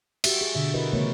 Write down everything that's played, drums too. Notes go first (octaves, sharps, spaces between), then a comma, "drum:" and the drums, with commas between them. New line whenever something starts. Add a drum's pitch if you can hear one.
F#4 G4 E5, drum: cymbal
G#4
B2 D3 E5
E4 F#4 A#4 B4 D#5
C#3 E3 A3 B3 A#4 C#5